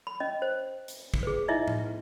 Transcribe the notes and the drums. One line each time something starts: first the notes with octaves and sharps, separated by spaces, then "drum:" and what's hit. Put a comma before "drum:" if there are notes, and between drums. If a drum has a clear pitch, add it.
B5
C#4 D#5
C5
drum: hi-hat
drum: kick
G#4 B4
D#4 E4 D#5 E5
drum: tom A2